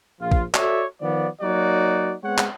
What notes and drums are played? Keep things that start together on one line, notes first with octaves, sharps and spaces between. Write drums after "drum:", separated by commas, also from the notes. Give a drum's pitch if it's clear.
A#1 F3 F4
drum: kick
F#4 A4 C#5 D5 E5, drum: clap
D#3 F3 B3 D5
F#3 A#3 D#4 F#4 D5
G#3 B3 C4 C#5 F#5
drum: clap